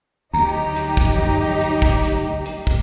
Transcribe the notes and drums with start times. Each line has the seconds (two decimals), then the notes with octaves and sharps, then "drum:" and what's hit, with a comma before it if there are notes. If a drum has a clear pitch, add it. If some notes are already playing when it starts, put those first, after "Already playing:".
0.33 D2 F#3 D#4 G4 A#5
0.76 drum: hi-hat
0.97 drum: kick
1.18 drum: tom F#2
1.61 drum: hi-hat
1.82 drum: kick
2.03 drum: hi-hat
2.46 drum: hi-hat
2.67 drum: kick